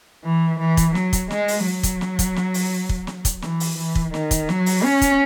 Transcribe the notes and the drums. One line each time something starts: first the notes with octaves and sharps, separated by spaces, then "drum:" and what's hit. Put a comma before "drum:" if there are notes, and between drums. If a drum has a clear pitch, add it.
E3
E3
drum: kick, hi-hat
F#3, drum: snare
drum: kick, hi-hat
G#3, drum: snare
drum: open hi-hat
F#3
drum: kick, hi-hat
drum: snare
drum: kick, hi-hat
drum: snare
drum: open hi-hat
drum: kick
drum: snare
drum: kick, hi-hat
E3, drum: snare
drum: open hi-hat
E3
drum: kick
D#3, drum: snare
drum: kick, hi-hat
F#3, drum: snare
drum: open hi-hat
C#4
drum: kick, hi-hat